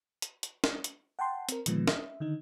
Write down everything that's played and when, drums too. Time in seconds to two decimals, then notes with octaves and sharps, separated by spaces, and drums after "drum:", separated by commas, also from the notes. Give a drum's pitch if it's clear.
0.22 drum: hi-hat
0.43 drum: hi-hat
0.64 drum: snare
0.84 drum: hi-hat
1.19 F#5 G5 A5 C6
1.49 C4 A#4, drum: hi-hat
1.66 A#2 D3 D#3 F3 G#3 B3, drum: hi-hat
1.88 E5, drum: snare
2.20 D3 D#3 D#4